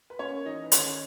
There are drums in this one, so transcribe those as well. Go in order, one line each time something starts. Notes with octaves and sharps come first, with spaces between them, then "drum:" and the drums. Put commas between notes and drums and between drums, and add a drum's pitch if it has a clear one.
B4
A#3 C#4 C#5
E3 D#4 D#5
B4
D#3 C#4 C#5, drum: hi-hat